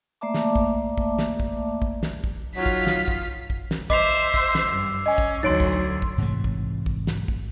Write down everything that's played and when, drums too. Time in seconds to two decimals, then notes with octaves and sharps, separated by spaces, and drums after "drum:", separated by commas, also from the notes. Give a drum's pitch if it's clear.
0.21 A3 A#3 D5 E5 A5 D6
0.34 drum: snare
0.55 drum: kick
0.98 drum: kick
1.19 drum: snare
1.40 drum: kick
1.82 drum: kick
2.03 drum: snare
2.24 drum: kick
2.56 F#3 D#4 F4 F5 B6
2.66 drum: kick
2.87 drum: snare
3.08 drum: kick
3.50 drum: kick
3.71 drum: snare
3.90 C5 D#5 E5 D6 C7 F7, drum: kick
4.34 E6 C7, drum: kick
4.55 drum: snare
4.72 G2
5.06 C#4 D#5 G#5
5.18 drum: kick
5.43 D2 F#3 D#4 C#5 C6 A6 D7
5.60 drum: kick
6.02 drum: kick
6.18 G#2 C3 E3 A3
6.44 drum: kick
6.86 drum: kick
7.07 drum: snare
7.28 drum: kick